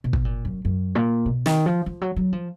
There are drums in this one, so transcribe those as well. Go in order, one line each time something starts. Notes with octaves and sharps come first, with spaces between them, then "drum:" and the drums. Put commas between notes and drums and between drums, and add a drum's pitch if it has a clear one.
B2
drum: kick
A#2
F#2
F#2
A#2
B2
D#3, drum: snare
F3
F3
F#3
F#3
F3